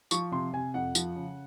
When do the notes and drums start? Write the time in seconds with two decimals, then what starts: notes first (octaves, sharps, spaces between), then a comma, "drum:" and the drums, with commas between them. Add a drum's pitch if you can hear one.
0.11 F3 C#6, drum: tambourine
0.32 C3 C6
0.53 C3 G#5
0.74 F2 F#5
0.95 F3, drum: tambourine
1.16 C#3